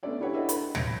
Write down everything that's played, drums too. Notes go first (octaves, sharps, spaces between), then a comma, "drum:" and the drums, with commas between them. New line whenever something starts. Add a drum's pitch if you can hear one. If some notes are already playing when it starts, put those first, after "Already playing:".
A3 B3 C#4 D4 D5 E5
E4 G4 B4 C#5 F#5
D4 E4 A4 B4 D#5 E5
B4 B5, drum: hi-hat
G6 G#6 A#6 B6 C#7 D7, drum: tom